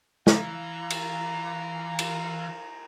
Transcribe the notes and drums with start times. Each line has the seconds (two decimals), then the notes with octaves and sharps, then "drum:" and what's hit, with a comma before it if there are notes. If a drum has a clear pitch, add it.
0.27 E3 F5 A#5, drum: snare
0.90 drum: cymbal
1.99 drum: cymbal